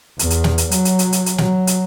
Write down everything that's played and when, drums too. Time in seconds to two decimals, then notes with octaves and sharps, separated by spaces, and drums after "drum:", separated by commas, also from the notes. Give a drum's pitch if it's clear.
0.19 E2, drum: hi-hat
0.30 drum: hi-hat
0.44 drum: snare
0.58 drum: hi-hat
0.71 F#3, drum: hi-hat
0.85 drum: hi-hat
0.99 drum: hi-hat
1.12 drum: hi-hat
1.26 drum: hi-hat
1.38 F#3, drum: snare
1.67 drum: hi-hat